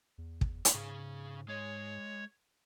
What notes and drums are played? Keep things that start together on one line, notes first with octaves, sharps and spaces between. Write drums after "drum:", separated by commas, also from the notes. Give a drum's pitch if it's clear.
E2
drum: kick
drum: hi-hat
G#2 C#3 G#4
G#3 C#5